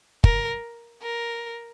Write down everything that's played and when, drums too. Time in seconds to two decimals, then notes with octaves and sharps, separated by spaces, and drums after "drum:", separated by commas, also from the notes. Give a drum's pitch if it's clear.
0.24 A#4, drum: kick
1.02 A#4